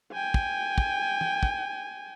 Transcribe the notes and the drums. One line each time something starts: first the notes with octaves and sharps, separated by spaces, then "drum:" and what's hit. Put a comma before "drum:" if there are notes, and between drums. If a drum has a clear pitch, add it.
G5 G#5
drum: kick
drum: kick
drum: tom
drum: kick